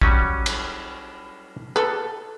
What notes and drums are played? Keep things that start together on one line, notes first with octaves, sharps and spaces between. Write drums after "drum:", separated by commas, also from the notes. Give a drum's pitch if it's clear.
F#3 G3 C#4, drum: kick
drum: cymbal
A4 B4